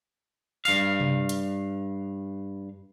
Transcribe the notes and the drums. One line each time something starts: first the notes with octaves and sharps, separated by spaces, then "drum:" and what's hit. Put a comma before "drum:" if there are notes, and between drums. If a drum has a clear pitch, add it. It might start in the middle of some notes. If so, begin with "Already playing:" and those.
G2 F5, drum: open hi-hat
drum: tom C3
drum: hi-hat